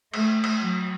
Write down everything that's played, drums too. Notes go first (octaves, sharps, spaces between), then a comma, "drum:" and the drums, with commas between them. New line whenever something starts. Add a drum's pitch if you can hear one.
A3, drum: cymbal
drum: cymbal
F#3